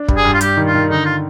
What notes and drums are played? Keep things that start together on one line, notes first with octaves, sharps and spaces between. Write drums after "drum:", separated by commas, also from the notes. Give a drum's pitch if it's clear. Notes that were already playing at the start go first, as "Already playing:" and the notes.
Already playing: D4
G2, drum: kick
G#4
G2
F4
G3 G4, drum: hi-hat
D#3
F4
D#3
D3 D#4
F4